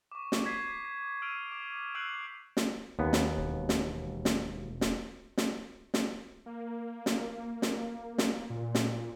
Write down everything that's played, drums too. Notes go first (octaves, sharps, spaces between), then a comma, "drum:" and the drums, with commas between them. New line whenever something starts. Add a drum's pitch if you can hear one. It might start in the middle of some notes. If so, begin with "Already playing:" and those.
C#6 D6
drum: snare
C#6 G#6 B6 C7
B6
E6 F6 D7 D#7 F7
D6
E6 F#6 G6 C7 D7 F#7
drum: snare
D#2 B3
drum: snare
E1
drum: snare
drum: snare
drum: snare
drum: snare
drum: snare
A#3
drum: snare
drum: snare
drum: snare
A#2
drum: snare